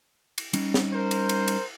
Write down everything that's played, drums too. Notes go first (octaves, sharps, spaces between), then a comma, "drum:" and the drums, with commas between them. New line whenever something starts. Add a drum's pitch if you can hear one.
drum: cymbal
G3 C#4 D#4, drum: cymbal
drum: snare
A#4 C5
drum: cymbal
drum: cymbal
drum: cymbal